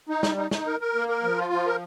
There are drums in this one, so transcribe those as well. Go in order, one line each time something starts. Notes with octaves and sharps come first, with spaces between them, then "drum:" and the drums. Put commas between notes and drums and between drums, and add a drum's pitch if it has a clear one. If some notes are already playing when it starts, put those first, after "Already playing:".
D#4
G3, drum: snare
D#4
D#4, drum: snare
A#4
A#4
A#3
A#4
F3
F4
F3
A#4